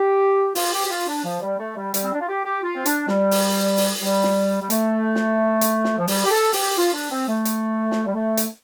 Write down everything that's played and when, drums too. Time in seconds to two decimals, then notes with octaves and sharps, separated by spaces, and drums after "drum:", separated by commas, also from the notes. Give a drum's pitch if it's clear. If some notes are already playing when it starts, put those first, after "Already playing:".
Already playing: G4
0.55 F4, drum: open hi-hat
0.73 G4
0.85 G4
0.90 F4
1.07 D4
1.24 F3
1.42 G3
1.58 A3
1.76 G3
1.94 G3, drum: hi-hat
2.03 C4
2.13 D4
2.20 F4
2.28 G4
2.44 G4
2.63 F4
2.75 C4
2.86 D4, drum: hi-hat
3.08 G3, drum: snare
3.31 drum: open hi-hat
3.77 drum: open hi-hat
4.00 G3
4.23 drum: snare
4.61 G3
4.70 A3, drum: hi-hat
5.15 drum: snare
5.61 drum: hi-hat
5.84 drum: snare
5.98 F3
6.07 G3, drum: open hi-hat
6.24 G4
6.31 A4
6.53 G4, drum: open hi-hat
6.77 F4
6.93 D4
7.10 C4
7.28 A3
7.45 drum: hi-hat
7.91 drum: snare
8.06 G3
8.14 A3
8.37 drum: hi-hat